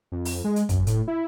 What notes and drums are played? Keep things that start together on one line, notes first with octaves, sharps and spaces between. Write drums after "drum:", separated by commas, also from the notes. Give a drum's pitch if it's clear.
F2
drum: open hi-hat
G#3
drum: hi-hat
F#2, drum: kick, hi-hat
A2, drum: hi-hat
E4